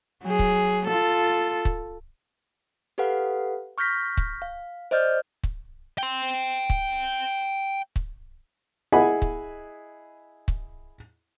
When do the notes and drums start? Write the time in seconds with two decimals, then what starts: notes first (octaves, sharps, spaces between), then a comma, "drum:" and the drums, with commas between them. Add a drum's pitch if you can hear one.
0.23 F#3 G#4
0.39 drum: kick C#1
0.88 F4 A4
1.65 drum: kick C#1
2.98 G4 A4 B4 F5 F#5
3.78 C#6 F6 G6 A#6 B6
4.17 drum: kick C#1
4.42 F5
4.91 C5 D5 D#5 F6 G6
5.43 drum: kick C#1
5.98 G5 C6
6.70 drum: kick C#1
7.96 drum: kick C#1
8.92 E4 G#4 D#5 F#5 G#5 B5
9.22 drum: kick C#1
10.48 drum: kick C#1